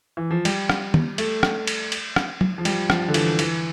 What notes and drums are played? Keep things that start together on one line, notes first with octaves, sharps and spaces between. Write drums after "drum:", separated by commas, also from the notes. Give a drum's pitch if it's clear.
E3
F3
G3, drum: cymbal
drum: rim click
drum: tom
A3, drum: cymbal
drum: rim click
drum: cymbal
drum: cymbal
drum: rim click
drum: tom
F3
G3, drum: cymbal
F3, drum: rim click
D3
E3, drum: cymbal
E3, drum: cymbal